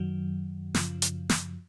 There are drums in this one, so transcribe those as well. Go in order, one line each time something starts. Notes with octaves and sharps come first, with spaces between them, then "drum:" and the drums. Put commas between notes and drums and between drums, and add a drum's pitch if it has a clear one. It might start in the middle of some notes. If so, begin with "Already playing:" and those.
Already playing: F#2 D#3 F#3
F#2 C#3 F3, drum: snare
drum: hi-hat
drum: snare